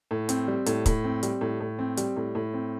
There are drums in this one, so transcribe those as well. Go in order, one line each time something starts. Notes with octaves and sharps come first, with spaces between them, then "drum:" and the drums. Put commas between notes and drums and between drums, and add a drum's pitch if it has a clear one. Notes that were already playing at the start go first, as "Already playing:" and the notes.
A2
C4, drum: hi-hat
G3
A2, drum: hi-hat
A2, drum: kick, hi-hat
C4
G3, drum: hi-hat
A2
A2
C4
G3, drum: hi-hat
A2
A2
C4